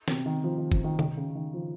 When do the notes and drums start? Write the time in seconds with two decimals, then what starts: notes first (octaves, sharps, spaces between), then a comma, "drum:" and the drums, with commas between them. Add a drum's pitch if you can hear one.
0.08 C3, drum: snare
0.26 D#3
0.44 F3
0.58 D#3
0.72 F3, drum: kick
0.84 D#3
0.99 D#3, drum: tom C3
1.17 C#3
1.35 D#3
1.54 F3